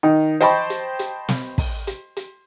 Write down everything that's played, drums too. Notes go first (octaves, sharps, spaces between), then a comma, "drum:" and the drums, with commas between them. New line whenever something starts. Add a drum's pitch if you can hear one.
D#3 D#4
C5 D#5 G5 A5 B5 C#6, drum: hi-hat
drum: hi-hat
drum: hi-hat
drum: snare
drum: kick, open hi-hat
drum: hi-hat
drum: hi-hat